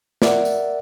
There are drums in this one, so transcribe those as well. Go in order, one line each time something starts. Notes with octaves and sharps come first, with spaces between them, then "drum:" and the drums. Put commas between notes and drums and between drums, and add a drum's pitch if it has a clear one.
A#4 D5 E5 F#5, drum: snare
drum: tambourine